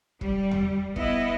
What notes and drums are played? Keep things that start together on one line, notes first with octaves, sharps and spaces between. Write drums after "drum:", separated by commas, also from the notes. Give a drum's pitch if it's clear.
G3, drum: kick
drum: tom E2
B3 E4 D#5, drum: kick